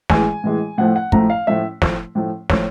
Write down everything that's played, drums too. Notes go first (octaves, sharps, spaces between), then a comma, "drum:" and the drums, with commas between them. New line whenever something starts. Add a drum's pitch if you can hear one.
A2 E3 G#3 G#5, drum: snare
A2 E3 G#3
A2 F3 A3 F#5
F#5
A2 F3 A3 A#5, drum: kick
F5
A2 F3 A3 E5
A2 F3 A3, drum: snare
A2 F3 A3
A2 F3 A3 C#5, drum: snare